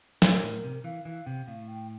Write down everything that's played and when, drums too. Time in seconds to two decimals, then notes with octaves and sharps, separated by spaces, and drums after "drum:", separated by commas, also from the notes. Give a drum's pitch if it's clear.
0.22 A2 A#4, drum: snare
0.43 A2
0.64 C3
0.84 E3 F5
1.05 E3 F5
1.26 C3 G5
1.48 A2 F5
1.68 G5